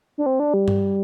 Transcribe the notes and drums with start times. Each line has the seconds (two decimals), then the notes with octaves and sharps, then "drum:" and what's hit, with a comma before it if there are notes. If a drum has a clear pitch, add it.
0.18 D4
0.26 C4
0.40 D4
0.54 G3
0.68 drum: tom G2